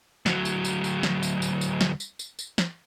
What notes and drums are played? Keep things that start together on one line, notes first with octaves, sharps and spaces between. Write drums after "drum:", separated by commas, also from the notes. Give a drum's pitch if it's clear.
D2 F#3, drum: snare
drum: tambourine
drum: tambourine
drum: tambourine
drum: snare
drum: tambourine
drum: tambourine
drum: tambourine
drum: snare
drum: tambourine
drum: tambourine
drum: tambourine
drum: snare